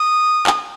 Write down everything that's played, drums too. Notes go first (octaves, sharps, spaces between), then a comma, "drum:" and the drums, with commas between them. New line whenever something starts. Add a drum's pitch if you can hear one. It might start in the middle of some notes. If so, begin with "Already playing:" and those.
Already playing: D#6
drum: clap